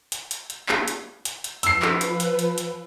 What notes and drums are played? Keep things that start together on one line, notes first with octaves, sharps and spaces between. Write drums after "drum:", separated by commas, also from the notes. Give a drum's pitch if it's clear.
drum: hi-hat
drum: hi-hat
drum: hi-hat
drum: clap
drum: hi-hat
drum: hi-hat
drum: hi-hat
F3 B4 E6 C7, drum: hi-hat
drum: clap
drum: hi-hat
drum: hi-hat
drum: hi-hat
drum: hi-hat